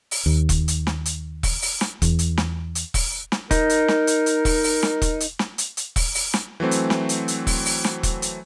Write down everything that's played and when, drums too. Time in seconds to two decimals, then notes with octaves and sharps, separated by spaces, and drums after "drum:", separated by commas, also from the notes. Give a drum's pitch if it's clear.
0.11 drum: open hi-hat
0.26 D#2
0.49 drum: kick E1, hi-hat
0.68 drum: hi-hat
0.87 drum: snare
1.06 drum: hi-hat
1.43 drum: kick E1, open hi-hat
1.62 drum: open hi-hat
1.81 drum: snare
2.02 E2, drum: kick E1, hi-hat
2.19 drum: hi-hat
2.38 drum: snare
2.75 drum: hi-hat
2.94 drum: kick E1, open hi-hat
3.32 drum: snare
3.51 D#4 A#4, drum: kick E1, hi-hat
3.70 drum: hi-hat
3.88 drum: snare
4.07 drum: hi-hat
4.26 drum: hi-hat
4.45 drum: kick E1, open hi-hat
4.64 drum: open hi-hat
4.83 drum: snare
5.02 drum: kick E1, hi-hat
5.20 drum: hi-hat
5.39 drum: snare
5.58 drum: hi-hat
5.77 drum: hi-hat
5.96 drum: kick E1, open hi-hat
6.15 drum: open hi-hat
6.34 drum: snare
6.60 E3 F#3 A3 C4
6.71 drum: hi-hat
6.90 drum: snare
7.09 drum: hi-hat
7.28 drum: hi-hat
7.47 drum: kick E1, open hi-hat
7.66 drum: open hi-hat
7.84 drum: snare
8.03 drum: kick E1, hi-hat
8.22 drum: hi-hat